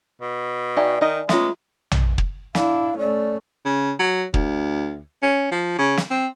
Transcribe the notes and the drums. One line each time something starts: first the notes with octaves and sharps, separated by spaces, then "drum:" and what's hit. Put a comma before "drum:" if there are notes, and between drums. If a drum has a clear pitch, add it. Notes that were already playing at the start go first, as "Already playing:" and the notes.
B2
D#4 F#4 G4 D5 E5 G#5
D#3 D#4 D#5
G#3 A3 B3 C#4 F4 E5, drum: snare
drum: tom A#1
drum: kick
D4 E4 F5, drum: snare
A3 C#4 D5
C#3
F#3
D2, drum: kick
C#4
F3
C#3
drum: snare
C4